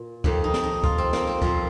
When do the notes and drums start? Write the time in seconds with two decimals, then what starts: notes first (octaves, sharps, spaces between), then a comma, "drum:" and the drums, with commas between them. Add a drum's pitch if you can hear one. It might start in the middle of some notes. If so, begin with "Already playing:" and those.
Already playing: A#2
0.24 F2 D#3 G4, drum: kick C#2
0.44 D#4
0.54 drum: snare
0.63 D#4
0.84 F4, drum: kick C#2
0.98 C4
1.13 A#3, drum: snare
1.27 C4
1.42 A#2 F3 F4, drum: kick C#2